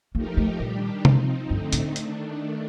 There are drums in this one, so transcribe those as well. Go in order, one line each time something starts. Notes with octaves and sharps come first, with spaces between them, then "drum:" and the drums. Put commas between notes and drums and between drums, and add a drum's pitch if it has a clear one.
F3 A3 A#3 D#4 G4 A#4
A3
A#2 D#3 G3 D4 G4
F3 C4 D#4, drum: tom C3
G2 D3 A3 C4 D#4
A2, drum: hi-hat
D#3 A3 D4, drum: hi-hat